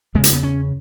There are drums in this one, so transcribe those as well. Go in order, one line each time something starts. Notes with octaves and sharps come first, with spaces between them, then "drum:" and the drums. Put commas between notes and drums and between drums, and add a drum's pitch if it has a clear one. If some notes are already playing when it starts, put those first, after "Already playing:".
E2 C#3 G#3
A#3, drum: hi-hat
B3
C#4